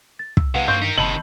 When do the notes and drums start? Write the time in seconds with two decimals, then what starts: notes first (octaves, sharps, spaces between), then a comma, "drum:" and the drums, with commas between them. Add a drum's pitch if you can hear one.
0.19 A6
0.37 E6, drum: kick
0.55 C3 G#3 B4 F5 F#5
0.68 G2 A#3 C4 F5 C6 C#6 G6
0.82 D#4 A#4 B6
0.98 F#1 C3 D#3 D#5 A5 B5 F#7